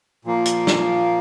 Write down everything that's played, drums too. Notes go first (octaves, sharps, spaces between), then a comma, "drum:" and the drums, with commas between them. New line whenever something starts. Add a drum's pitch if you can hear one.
A#2 F3 A#3
drum: hi-hat
drum: snare